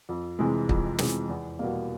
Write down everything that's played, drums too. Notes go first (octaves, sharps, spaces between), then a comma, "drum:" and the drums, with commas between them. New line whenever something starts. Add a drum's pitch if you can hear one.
F2
C3 E3 G#3
F2, drum: kick
C3 E3 G#3, drum: snare
E2
B2 G3 A#3